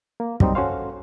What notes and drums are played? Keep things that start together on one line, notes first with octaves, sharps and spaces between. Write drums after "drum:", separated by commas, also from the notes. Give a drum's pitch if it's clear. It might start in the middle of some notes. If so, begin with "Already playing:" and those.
A#3
F#3 G3 C4 D#4, drum: kick
C#4 F#4 A4 C5 F5